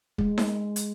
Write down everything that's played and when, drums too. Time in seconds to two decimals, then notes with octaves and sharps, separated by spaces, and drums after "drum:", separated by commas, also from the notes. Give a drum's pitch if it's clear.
0.18 G#3, drum: kick
0.38 drum: snare D#4
0.76 drum: hi-hat